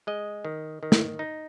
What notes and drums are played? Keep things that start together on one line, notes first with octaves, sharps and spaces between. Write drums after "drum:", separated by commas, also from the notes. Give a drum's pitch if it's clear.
G#3 D#5
D#3
D#3
drum: snare
D#4